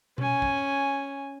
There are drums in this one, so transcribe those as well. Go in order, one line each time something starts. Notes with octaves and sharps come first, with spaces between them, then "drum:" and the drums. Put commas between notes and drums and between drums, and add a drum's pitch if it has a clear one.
C#4 G#5, drum: tom B2
drum: kick